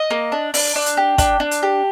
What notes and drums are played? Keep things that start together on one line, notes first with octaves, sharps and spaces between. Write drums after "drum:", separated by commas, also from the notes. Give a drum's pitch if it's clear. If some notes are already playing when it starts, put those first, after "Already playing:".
Already playing: D#5
A#3
D4
D4, drum: open hi-hat
D4
drum: hi-hat
G4
D4, drum: kick, hi-hat
D4
drum: hi-hat
G4